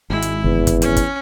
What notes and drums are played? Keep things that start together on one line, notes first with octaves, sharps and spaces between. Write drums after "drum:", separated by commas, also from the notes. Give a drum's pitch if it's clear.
G#1 G#3 E4
drum: hi-hat
F#1 E2
drum: kick, hi-hat
C#4, drum: hi-hat
drum: kick, hi-hat